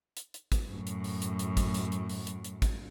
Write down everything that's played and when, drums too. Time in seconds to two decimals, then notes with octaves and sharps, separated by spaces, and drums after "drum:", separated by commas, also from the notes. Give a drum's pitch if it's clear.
0.17 drum: hi-hat
0.34 drum: hi-hat
0.52 drum: kick, hi-hat
0.69 F#2 A2
0.87 drum: hi-hat
1.04 drum: open hi-hat
1.22 drum: hi-hat
1.39 drum: hi-hat
1.57 drum: kick, hi-hat
1.74 drum: hi-hat
1.92 drum: hi-hat
2.09 drum: open hi-hat
2.27 drum: hi-hat
2.44 drum: hi-hat
2.62 drum: kick, hi-hat